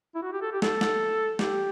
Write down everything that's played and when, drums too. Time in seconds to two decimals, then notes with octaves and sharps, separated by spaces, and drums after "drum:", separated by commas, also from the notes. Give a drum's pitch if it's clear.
0.15 E4
0.23 F#4
0.33 G4
0.42 A4
0.52 G4
0.62 A4, drum: snare
0.81 drum: snare
1.39 G4, drum: snare